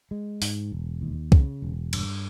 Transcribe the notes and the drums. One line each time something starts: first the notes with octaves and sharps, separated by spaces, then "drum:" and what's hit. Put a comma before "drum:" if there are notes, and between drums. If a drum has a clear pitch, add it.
G#3
G#2, drum: open hi-hat
E1
D#2
C#3, drum: kick
E1
G2, drum: cymbal